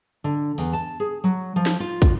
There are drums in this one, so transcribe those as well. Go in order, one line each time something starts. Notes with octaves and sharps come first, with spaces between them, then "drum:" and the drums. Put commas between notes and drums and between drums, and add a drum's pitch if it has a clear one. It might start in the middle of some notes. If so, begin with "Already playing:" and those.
D3
E2, drum: open hi-hat
A5
G#4
F#3
F3
drum: snare
F4
drum: kick, hi-hat